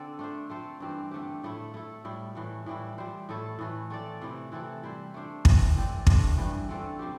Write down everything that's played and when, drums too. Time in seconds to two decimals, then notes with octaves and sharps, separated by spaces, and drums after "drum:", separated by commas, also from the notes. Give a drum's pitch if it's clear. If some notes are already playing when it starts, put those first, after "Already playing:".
Already playing: D3 C4 A4 D5
0.19 A3 D4 C5
0.50 A3 C4 A4 C5
0.80 G2 E3 C4 G4
1.11 D3 A3 C4 G4
1.43 A2 A3 E4
1.74 A3 E4 A4
2.05 A2 G3 E4
2.35 A2 E3 A3
2.66 A2 E3 G3 E4
2.98 G3 E4 C5
3.29 A2 A3 E4 A4
3.59 A2 E3 A3
3.90 A3 C4 A4 D5
4.21 C3 E3 A3 E4
4.52 E3 C4 E4 A4
4.83 G3 E4 C5
5.14 A3 D4 C5
5.45 A2 E3 C4, drum: kick
5.76 E3 C4 G4 D5
6.07 A3 D4 G4 C5, drum: kick
6.38 G2 E3 G3
6.69 D3 A3 C4 A4
6.99 C3 G3 C4 G4